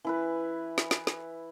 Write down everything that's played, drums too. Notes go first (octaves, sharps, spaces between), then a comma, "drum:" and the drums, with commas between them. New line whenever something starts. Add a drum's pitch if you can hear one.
E3 E4 B4
drum: snare
drum: snare
drum: snare